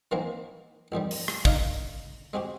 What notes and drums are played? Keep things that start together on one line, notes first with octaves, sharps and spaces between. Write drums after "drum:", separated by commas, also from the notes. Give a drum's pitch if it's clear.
D#3 E3 F#3 A#3 C4 E4
A1 F2 D#3 G3
drum: open hi-hat
drum: rim click
D4 D#4 E5 F5, drum: kick
G#3 C4 F#4 G4